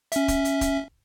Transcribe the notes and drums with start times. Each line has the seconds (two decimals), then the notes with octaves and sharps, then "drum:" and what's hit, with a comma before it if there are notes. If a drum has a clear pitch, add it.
0.12 C#4 E5, drum: hi-hat
0.28 drum: kick, hi-hat
0.45 drum: hi-hat
0.61 drum: kick, hi-hat